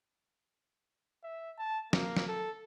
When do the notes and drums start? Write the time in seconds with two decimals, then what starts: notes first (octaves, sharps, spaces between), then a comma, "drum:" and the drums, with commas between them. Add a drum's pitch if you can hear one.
1.24 E5
1.58 A5
1.93 A#3, drum: snare
2.17 drum: snare
2.28 A4